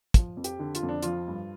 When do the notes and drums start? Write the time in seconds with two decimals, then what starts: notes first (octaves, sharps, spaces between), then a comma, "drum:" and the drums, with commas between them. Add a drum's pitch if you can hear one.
0.14 F3, drum: kick, hi-hat
0.37 F2
0.44 G4, drum: hi-hat
0.59 D3
0.75 F4, drum: hi-hat
0.83 F2
0.89 D4
1.03 F3 F4, drum: hi-hat
1.28 G2